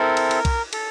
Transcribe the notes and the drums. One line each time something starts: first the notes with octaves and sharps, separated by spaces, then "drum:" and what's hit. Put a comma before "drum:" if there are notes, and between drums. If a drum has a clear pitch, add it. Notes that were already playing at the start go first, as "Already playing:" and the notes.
Already playing: C4 E4 A4 A#4
drum: cymbal
drum: cymbal
drum: kick B1, cymbal
A4, drum: cymbal